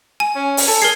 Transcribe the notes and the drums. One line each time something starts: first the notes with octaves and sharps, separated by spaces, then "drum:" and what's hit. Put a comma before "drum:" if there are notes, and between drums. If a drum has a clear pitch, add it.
G#5
C#4
drum: open hi-hat
A4
G#4 A#4 C7